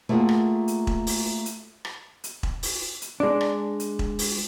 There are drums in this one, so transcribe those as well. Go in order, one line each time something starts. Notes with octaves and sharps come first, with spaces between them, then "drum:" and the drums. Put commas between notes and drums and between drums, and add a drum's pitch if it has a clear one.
A3 A#3 F4 F#4 G#4
drum: rim click
drum: hi-hat
drum: kick E1
drum: open hi-hat
drum: hi-hat
drum: rim click
drum: hi-hat
drum: kick E1
drum: open hi-hat
drum: hi-hat
G#3 D4
drum: rim click
drum: hi-hat
drum: kick E1
drum: open hi-hat